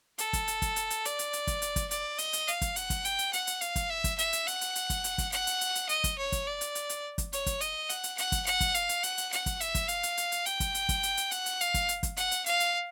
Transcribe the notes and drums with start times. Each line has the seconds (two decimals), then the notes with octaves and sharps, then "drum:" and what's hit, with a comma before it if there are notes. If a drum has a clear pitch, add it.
0.18 A4, drum: hi-hat
0.33 drum: kick, hi-hat
0.48 drum: hi-hat
0.62 drum: kick, hi-hat
0.76 drum: hi-hat
0.90 drum: hi-hat
1.05 D5, drum: hi-hat
1.19 drum: hi-hat
1.33 drum: hi-hat
1.47 drum: kick, hi-hat
1.62 drum: hi-hat
1.76 drum: kick, hi-hat
1.91 D5, drum: hi-hat
2.18 D#5, drum: hi-hat
2.33 drum: hi-hat
2.48 F5, drum: hi-hat
2.62 drum: kick, hi-hat
2.76 F#5, drum: hi-hat
2.90 drum: kick, hi-hat
3.05 G5, drum: hi-hat
3.19 drum: hi-hat
3.33 F#5, drum: hi-hat
3.47 drum: hi-hat
3.61 F5, drum: hi-hat
3.76 drum: kick, hi-hat
3.90 E5
4.04 drum: kick, hi-hat
4.19 E5, drum: hi-hat
4.33 drum: hi-hat
4.48 F#5, drum: hi-hat
4.61 drum: hi-hat
4.75 drum: hi-hat
4.90 drum: kick, hi-hat
5.04 drum: hi-hat
5.18 drum: kick, hi-hat
5.32 F#5, drum: hi-hat
5.47 drum: hi-hat
5.61 drum: hi-hat
5.75 drum: hi-hat
5.89 D#5, drum: hi-hat
6.04 drum: kick, hi-hat
6.18 C#5
6.32 drum: kick, hi-hat
6.47 D5
6.61 drum: hi-hat
6.75 drum: hi-hat
6.89 drum: hi-hat
7.18 drum: kick, hi-hat
7.33 C#5, drum: hi-hat
7.46 drum: kick, hi-hat
7.61 D#5, drum: hi-hat
7.90 F#5, drum: hi-hat
8.04 drum: hi-hat
8.18 F#5, drum: hi-hat
8.32 drum: kick, hi-hat
8.46 F#5, drum: hi-hat
8.61 drum: kick, hi-hat
8.75 F5, drum: hi-hat
8.89 drum: hi-hat
9.03 F#5, drum: hi-hat
9.18 drum: hi-hat
9.33 F#5, drum: hi-hat
9.46 drum: kick, hi-hat
9.61 E5, drum: hi-hat
9.75 drum: kick, hi-hat
9.88 F5, drum: hi-hat
10.03 drum: hi-hat
10.17 drum: hi-hat
10.32 drum: hi-hat
10.46 G5, drum: hi-hat
10.60 drum: kick, hi-hat
10.75 drum: hi-hat
10.89 drum: kick, hi-hat
11.03 drum: hi-hat
11.17 drum: hi-hat
11.31 F#5, drum: hi-hat
11.46 drum: hi-hat
11.61 F5, drum: hi-hat
11.74 drum: kick, hi-hat
11.89 drum: hi-hat
12.03 drum: kick, hi-hat
12.17 F#5, drum: hi-hat
12.31 drum: hi-hat
12.46 F5, drum: hi-hat
12.60 drum: hi-hat